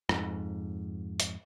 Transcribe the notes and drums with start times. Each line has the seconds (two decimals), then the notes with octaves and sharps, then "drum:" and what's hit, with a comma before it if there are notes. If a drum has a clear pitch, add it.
0.09 F2 G#2, drum: rim click
1.20 drum: hi-hat